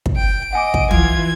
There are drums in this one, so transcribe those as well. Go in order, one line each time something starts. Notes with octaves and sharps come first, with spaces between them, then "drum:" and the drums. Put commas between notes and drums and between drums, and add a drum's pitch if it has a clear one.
drum: kick
G5 D7
D#5 F#5 G#5 D6
drum: kick
E3 F4 G#6, drum: tom